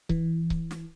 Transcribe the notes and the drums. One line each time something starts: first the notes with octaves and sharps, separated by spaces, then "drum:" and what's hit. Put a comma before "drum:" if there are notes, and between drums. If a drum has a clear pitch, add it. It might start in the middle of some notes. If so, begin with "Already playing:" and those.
E3, drum: kick C#1
drum: kick C#1
drum: snare